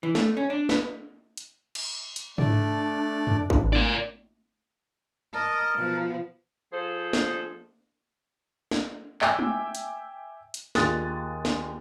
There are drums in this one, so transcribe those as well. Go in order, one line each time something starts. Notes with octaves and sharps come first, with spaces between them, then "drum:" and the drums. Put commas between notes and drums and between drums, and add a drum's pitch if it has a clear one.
E3
A3, drum: snare
C#4
D4
B3, drum: snare
drum: hi-hat
drum: cymbal
drum: hi-hat
A3 D4 D5, drum: tom G#2
drum: tom F2
drum: kick G#1
A#4 D5, drum: tom G#3
A#4 D#5 A5
B2 F3
F3 G#4 A4 C5
drum: snare
drum: snare
E5 G5 G#5 D6 E6, drum: clap
drum: tom G#3
drum: hi-hat
drum: hi-hat
D#2 F4 G#4 D#6 F#6 A6, drum: snare
drum: snare